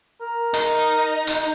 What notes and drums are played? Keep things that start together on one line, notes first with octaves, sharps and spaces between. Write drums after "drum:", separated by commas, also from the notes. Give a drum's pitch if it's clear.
A#4
D#4, drum: tambourine
drum: tambourine